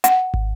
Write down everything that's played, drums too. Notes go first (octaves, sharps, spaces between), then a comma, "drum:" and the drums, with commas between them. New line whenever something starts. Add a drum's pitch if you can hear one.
F#5, drum: hi-hat
drum: kick